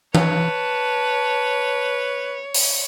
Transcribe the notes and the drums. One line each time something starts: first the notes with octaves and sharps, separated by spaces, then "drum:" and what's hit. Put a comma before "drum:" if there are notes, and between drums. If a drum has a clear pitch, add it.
B4 C#5 A5, drum: tom E3
drum: open hi-hat